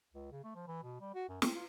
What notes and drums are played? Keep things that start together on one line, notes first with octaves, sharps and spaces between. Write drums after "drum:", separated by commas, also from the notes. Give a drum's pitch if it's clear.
C#2
C#3
A3
F3
E3
B2
G3
F#4
F#2
C4, drum: snare
F4